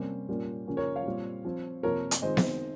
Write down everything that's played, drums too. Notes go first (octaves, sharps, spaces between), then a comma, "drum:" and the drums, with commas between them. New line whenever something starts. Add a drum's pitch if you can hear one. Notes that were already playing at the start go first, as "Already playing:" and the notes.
Already playing: C3 G3 A#3 C#4 C5
A#2 G3 A#3 C#4
C#3 F3 A#3 C#4
A#4 C#5
C#5 F5
A#2 G3 C4
F3 C4
C3 F3 A#3 A#4 C#5
drum: hi-hat
D#3 G#3 C4 C5 D#5
drum: snare B3